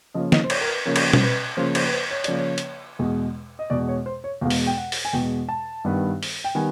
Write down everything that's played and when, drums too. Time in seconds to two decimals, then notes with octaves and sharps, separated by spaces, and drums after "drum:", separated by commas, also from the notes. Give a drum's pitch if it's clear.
0.14 C#3 F3 A#3 C#4 D#5
0.32 D#5, drum: snare
0.44 C5
0.50 C#5, drum: cymbal
0.61 A#4
0.68 B4
0.86 C#3 F3 A#3 C#4 A#4
0.96 drum: cymbal
1.13 C5, drum: tom
1.21 B4
1.57 C#3 F3 A#3 C#4 C5
1.75 C5, drum: cymbal
1.84 B4
1.93 C5
2.11 C#5
2.24 C#3 F3 A#3 C#4 D5, drum: hi-hat
2.38 C#5
2.58 drum: hi-hat
2.99 E2 B2 G#3
3.59 D#5
3.70 E2 B2 G#3 D5
3.88 C#5
4.06 C5
4.24 C#5
4.41 E2 B2 G#3 F5
4.50 drum: open hi-hat
4.67 G5
4.77 F#5
4.92 drum: open hi-hat
5.05 G#5
5.13 E2 B2 G#3 G5
5.49 A5
5.84 G2 D#3 G3 B3
6.23 drum: open hi-hat
6.44 G5
6.55 D#3 G3 B3 G#5